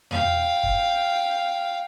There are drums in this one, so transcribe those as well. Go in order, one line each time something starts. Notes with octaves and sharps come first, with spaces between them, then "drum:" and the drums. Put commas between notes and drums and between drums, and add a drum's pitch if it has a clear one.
F5 G5, drum: tom E2
drum: kick